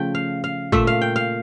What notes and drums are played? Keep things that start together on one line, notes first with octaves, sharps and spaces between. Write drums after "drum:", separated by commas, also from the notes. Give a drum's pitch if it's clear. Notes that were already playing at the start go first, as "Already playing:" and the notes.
Already playing: C#3 F3 A3 G5
F5
F5
A#2 A3 E5, drum: kick
F5
G5
F5